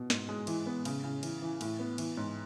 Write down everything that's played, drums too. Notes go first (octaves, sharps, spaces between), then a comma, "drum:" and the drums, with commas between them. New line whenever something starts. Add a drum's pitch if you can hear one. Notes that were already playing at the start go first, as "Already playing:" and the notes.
Already playing: B2
G#2, drum: snare
G#3
E3, drum: cymbal
B3
C#3, drum: cymbal
C#3
E3, drum: cymbal
E3
A2, drum: cymbal
B3
E3, drum: cymbal
G#2